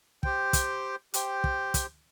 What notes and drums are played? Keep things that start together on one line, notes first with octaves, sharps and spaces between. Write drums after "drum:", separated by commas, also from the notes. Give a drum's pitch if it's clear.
G4 C5 G5, drum: kick
drum: kick, hi-hat
G4 C5 G5, drum: hi-hat
drum: kick
drum: kick, hi-hat